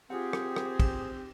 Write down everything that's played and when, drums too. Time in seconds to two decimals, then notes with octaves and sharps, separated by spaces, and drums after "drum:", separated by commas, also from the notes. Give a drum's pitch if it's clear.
0.10 C4 F4 G4 G#4 F#5
0.33 drum: rim click
0.56 drum: rim click
0.80 drum: kick, cymbal